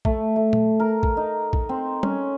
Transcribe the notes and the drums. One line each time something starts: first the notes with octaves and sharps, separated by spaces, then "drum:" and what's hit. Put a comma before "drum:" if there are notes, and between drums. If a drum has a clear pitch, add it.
A3, drum: kick A#1
A3
drum: tom A#2
A#4
drum: kick A#1
D#4
drum: kick A#1
C4
C#4, drum: tom G3